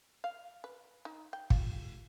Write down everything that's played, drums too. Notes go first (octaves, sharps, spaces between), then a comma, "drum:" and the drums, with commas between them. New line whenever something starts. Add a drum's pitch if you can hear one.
F5
B4
D#4
G5
F4, drum: kick G#1